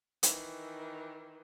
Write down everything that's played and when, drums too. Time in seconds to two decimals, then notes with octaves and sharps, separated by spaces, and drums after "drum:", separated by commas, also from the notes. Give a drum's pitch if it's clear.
0.23 D#3 E3, drum: hi-hat